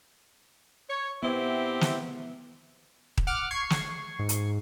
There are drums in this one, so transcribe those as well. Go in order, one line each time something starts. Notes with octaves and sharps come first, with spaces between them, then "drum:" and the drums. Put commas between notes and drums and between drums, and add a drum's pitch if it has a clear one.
C#5
B3 C4 E4 G4 E5
drum: snare
drum: kick D#1
F#5 D6 F6
C#6 G#6 C7
drum: snare
G#2
drum: hi-hat